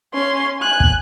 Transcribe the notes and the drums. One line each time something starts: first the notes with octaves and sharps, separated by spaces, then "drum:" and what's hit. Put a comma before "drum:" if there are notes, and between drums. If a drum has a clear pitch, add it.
C#4 C6
G#5 F#6
drum: kick